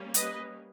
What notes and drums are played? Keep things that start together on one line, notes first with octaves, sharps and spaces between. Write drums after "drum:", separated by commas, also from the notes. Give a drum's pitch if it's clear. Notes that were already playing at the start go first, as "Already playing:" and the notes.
Already playing: G3 A#3 C#4
B4 D#5, drum: hi-hat